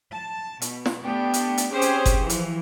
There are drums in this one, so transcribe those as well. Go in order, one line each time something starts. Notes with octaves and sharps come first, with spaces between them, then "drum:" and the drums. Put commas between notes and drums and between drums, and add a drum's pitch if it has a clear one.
A5
B2, drum: hi-hat
drum: snare
A3 B3 D4 G4
drum: hi-hat
drum: hi-hat
C4 C#4 G4 G#4 C5
drum: hi-hat
drum: kick F#1, hi-hat
E3 F3
drum: hi-hat